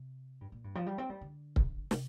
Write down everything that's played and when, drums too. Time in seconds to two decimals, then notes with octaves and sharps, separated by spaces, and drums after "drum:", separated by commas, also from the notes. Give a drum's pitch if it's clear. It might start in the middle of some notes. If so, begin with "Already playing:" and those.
Already playing: C3
0.41 G2
0.52 A#2
0.64 G2
0.75 F3
0.86 G3
0.98 C4
1.10 G3
1.21 D3
1.56 drum: kick C#1
1.91 C3, drum: snare